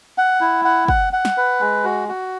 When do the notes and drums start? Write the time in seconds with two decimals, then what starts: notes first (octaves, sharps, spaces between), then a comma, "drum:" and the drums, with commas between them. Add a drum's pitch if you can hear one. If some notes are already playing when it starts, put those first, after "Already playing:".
0.18 F#5
0.41 E4
0.65 F#5
0.88 F#5, drum: kick
1.13 F#5
1.25 drum: snare
1.37 B4
1.60 G#3
1.84 F#4
2.08 F#4